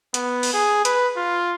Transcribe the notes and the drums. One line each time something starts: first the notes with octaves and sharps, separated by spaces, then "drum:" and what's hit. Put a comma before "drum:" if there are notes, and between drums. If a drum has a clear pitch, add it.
B3, drum: hi-hat
drum: open hi-hat
G#4
B4, drum: hi-hat
F4